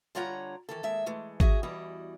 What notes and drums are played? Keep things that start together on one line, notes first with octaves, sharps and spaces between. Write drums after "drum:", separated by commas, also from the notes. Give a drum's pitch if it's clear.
D3 G3 F4 C#5 F#5 A#5
D#3 E3 A4
D#2 G#3 E5
E3 G#3 A3
F#4 G#4 D#5 E5, drum: kick G#1
E2 E3 G3 F#4 D#5